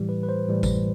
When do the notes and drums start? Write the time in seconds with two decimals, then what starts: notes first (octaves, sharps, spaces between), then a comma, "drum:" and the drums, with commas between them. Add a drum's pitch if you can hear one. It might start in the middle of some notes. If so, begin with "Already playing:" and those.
Already playing: A2 E3 G3 G4
0.09 B4
0.23 B4
0.29 C5
0.48 A2 E3 G3
0.63 drum: kick G#1, tambourine